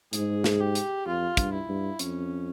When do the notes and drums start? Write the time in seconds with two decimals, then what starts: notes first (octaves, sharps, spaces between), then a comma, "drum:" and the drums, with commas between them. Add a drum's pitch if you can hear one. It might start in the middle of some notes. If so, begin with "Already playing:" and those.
0.13 G#2 G#4, drum: hi-hat
0.44 drum: snare
0.60 G4
0.75 drum: hi-hat
1.06 F2 F4
1.37 G2, drum: kick, hi-hat
1.53 E4
1.69 G2
1.99 F2 C#4, drum: hi-hat